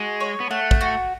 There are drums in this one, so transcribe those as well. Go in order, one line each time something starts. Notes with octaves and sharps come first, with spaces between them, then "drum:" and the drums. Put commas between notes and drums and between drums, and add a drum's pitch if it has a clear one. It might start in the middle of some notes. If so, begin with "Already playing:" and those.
Already playing: G#3 F#4
C#5
B3
A3 F#5
drum: kick
F#4